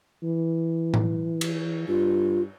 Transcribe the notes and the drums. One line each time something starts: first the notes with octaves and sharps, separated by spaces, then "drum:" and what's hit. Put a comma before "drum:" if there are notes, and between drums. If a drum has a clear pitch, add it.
E3
drum: tom A2
drum: cymbal
G2 F4